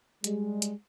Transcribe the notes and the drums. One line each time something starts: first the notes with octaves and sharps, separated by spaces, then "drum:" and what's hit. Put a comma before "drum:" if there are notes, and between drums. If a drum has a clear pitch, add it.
G3 G#3, drum: hi-hat
drum: hi-hat